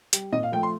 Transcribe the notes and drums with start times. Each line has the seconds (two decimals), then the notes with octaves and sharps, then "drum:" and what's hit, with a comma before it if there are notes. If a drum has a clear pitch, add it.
0.13 G3, drum: hi-hat
0.32 A#2 D#5
0.43 F5
0.52 F3 A3 G5
0.63 C6